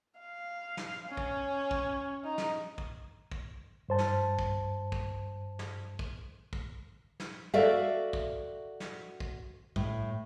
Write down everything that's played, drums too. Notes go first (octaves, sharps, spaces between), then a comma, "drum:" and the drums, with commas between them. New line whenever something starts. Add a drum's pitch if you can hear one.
F5
drum: snare
C#4
drum: kick
drum: kick
D#4
drum: snare
drum: kick
drum: kick
G2 C5 A5
drum: snare
drum: kick
drum: kick
drum: snare
drum: kick
drum: kick
drum: snare
F#4 A4 D5 E5 F5
drum: kick
drum: snare
drum: kick
A2, drum: kick